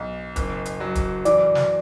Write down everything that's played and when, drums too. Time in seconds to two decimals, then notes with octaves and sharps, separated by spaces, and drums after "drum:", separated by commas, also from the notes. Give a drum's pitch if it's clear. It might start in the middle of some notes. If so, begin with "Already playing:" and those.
Already playing: B1
0.36 F#1, drum: kick, hi-hat
0.65 drum: hi-hat
0.80 F#3
0.95 drum: kick, hi-hat
1.25 E3 D5, drum: hi-hat
1.55 drum: snare